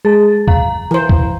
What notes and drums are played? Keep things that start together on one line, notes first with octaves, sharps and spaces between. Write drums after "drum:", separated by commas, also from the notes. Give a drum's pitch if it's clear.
G#3 G#4 A6
F5 A#5, drum: kick
E3 C5
drum: kick